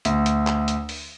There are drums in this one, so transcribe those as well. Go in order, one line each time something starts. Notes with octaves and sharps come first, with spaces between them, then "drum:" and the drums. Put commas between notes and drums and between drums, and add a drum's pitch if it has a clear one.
D2, drum: hi-hat
drum: hi-hat
drum: clap
drum: hi-hat
drum: open hi-hat